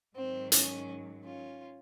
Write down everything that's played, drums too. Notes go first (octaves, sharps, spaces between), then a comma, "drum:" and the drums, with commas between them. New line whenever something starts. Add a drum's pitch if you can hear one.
G#2 D#3 F#3 C4
C#4, drum: hi-hat
C#4 F4